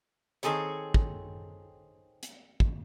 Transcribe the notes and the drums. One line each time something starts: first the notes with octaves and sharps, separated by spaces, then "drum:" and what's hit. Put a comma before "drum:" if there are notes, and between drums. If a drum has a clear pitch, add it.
D#3 C4 G#4 A4 C#5, drum: hi-hat
drum: kick
drum: hi-hat
drum: kick